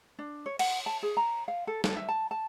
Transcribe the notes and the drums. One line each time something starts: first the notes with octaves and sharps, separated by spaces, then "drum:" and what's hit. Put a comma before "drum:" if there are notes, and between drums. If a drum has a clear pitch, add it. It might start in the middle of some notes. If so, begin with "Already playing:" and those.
D4
C#5
F#5, drum: cymbal
A5
G#4
A#5
F5
A4
A4, drum: snare
E5
A5
A5